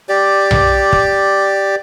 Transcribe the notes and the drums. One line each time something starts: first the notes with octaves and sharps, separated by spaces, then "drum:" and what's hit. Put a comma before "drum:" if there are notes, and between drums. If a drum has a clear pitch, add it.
G4 D5
drum: tom B1
drum: kick